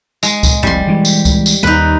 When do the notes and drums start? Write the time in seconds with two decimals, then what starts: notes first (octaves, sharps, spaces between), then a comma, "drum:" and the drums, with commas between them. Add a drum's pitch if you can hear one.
0.23 G#3, drum: tambourine
0.43 drum: kick C#2, tambourine
0.63 F1 C2 G3 C6
0.87 E3 G#3
1.05 drum: tambourine
1.25 drum: kick C#2, tambourine
1.46 drum: tambourine
1.63 D#2 G3 D#4 B4